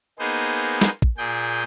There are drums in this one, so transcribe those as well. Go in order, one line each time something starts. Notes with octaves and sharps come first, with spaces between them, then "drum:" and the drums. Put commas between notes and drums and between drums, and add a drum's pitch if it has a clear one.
A#3 B3 D#4 G#4 C5
drum: snare
drum: kick
A#2 G#4 G5